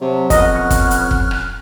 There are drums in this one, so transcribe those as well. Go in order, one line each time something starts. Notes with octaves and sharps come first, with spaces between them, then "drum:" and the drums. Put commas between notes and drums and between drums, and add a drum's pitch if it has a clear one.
C3 F#3 E5 A5
F2 B3 C#4 D#5 F6 F#6, drum: kick, hi-hat
C#6
drum: kick, hi-hat
drum: hi-hat
drum: kick
drum: rim click